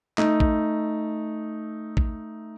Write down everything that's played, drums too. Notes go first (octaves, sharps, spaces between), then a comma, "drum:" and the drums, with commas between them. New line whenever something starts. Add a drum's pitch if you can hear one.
A3 D#4, drum: clap
drum: kick A1
drum: kick A1